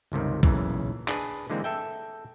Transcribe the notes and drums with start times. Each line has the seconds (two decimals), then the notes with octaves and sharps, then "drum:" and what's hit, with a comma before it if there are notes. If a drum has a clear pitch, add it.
0.12 G1 C#2 C3 D#3
0.43 B1 A#2 C#3 E3, drum: kick A#1
1.08 D4 G#4 B4, drum: clap
1.50 D3 E3 G#3 A#3 C4
1.64 A4 E5 G5